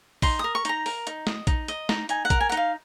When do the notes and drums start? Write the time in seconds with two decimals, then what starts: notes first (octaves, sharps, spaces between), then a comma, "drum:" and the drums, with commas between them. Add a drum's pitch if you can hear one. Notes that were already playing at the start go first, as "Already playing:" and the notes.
0.22 D#4 C6, drum: kick, open hi-hat
0.39 A#4 D#6
0.55 C#6
0.65 D#4 A#5, drum: hi-hat
0.86 A#4, drum: open hi-hat
1.07 D#4, drum: hi-hat
1.27 D#5, drum: snare
1.47 D#4, drum: kick, hi-hat
1.68 D#5, drum: hi-hat
1.89 D#4, drum: snare
2.09 D#4 G#5, drum: hi-hat
2.25 F#5
2.30 A#4, drum: kick, hi-hat
2.41 G#5
2.49 F#5
2.52 D#4, drum: hi-hat
2.57 F5